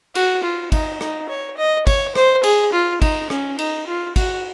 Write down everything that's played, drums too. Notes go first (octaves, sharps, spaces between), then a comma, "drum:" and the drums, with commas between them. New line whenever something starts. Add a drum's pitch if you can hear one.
F#4, drum: cymbal
F4
D#4, drum: kick, cymbal
D#4, drum: rim click
C#5
D#5
C#5, drum: kick, cymbal
C5, drum: rim click
G#4, drum: cymbal
F4
D#4, drum: kick, cymbal
C#4, drum: rim click
D#4, drum: cymbal
F4
F#4, drum: kick, cymbal